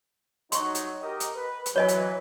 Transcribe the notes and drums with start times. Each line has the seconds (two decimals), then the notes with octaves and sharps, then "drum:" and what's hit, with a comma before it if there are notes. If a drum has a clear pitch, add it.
0.52 F#3 D#4 C6 C#6, drum: hi-hat
0.75 drum: hi-hat
1.02 G4 A#4 D#5
1.20 drum: hi-hat
1.36 B4
1.66 drum: hi-hat
1.76 E3 F#3 B4 C#5 D#5 G#5
1.88 drum: hi-hat